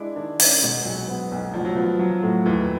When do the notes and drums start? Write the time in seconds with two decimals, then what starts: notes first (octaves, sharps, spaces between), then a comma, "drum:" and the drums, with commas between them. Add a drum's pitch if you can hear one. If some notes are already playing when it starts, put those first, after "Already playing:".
Already playing: G#3 D4 E4
0.16 D#3 D4
0.40 D#3 C#4, drum: open hi-hat
0.62 B2 G#3
0.85 B1 F#3
1.08 B3
1.31 B1
1.54 A1 F3
1.65 F#3
1.76 F3 B3
1.99 F#3
2.23 A2
2.46 D#2 E3